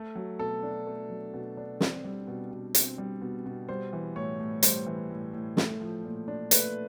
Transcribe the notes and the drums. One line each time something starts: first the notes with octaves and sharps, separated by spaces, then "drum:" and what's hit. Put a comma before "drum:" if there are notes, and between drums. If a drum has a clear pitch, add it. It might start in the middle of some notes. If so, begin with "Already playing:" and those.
Already playing: A3 A4
F#3
B2 A4
D4
A3
F#3
B2
D4
C4, drum: snare
G3
B2
B2
C4, drum: hi-hat
G3
B2
B2
G3 C5
E3
A2 C#5
A2
G3 C5, drum: hi-hat
E3
A2
A2
A3, drum: snare
F3
A#2
D4
A3 B4, drum: hi-hat